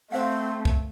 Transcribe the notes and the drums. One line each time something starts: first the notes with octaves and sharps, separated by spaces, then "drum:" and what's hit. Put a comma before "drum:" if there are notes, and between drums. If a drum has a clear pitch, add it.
A3 C4 C5 F5 F#5
drum: kick C2